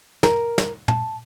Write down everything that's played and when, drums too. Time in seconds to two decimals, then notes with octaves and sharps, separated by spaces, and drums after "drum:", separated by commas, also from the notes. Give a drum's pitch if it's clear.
0.23 A#4, drum: snare
0.58 drum: snare
0.88 A5, drum: tom